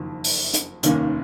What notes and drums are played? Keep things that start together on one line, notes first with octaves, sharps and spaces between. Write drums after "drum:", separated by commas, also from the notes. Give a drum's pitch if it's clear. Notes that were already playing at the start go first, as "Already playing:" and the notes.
Already playing: F#1 F2 D#3
drum: open hi-hat
drum: hi-hat
F1 D#2 D#3 A#3 C#4, drum: hi-hat